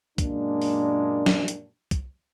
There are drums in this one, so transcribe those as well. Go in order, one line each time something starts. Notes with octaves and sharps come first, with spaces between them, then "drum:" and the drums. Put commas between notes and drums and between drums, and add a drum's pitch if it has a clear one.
F#2 A#2 G#3 A#3 D4, drum: kick, hi-hat
drum: open hi-hat
drum: snare
drum: hi-hat
drum: kick, hi-hat